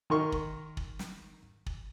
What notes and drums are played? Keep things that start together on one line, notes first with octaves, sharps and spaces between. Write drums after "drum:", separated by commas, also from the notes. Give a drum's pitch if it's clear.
D#3 A#4 C6 C#6
drum: kick
drum: kick
drum: snare
drum: kick